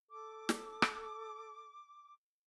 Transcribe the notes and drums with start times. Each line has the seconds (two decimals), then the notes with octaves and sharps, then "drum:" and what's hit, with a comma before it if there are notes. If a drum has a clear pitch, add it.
0.11 A4 D6
0.49 drum: snare
0.82 drum: rim click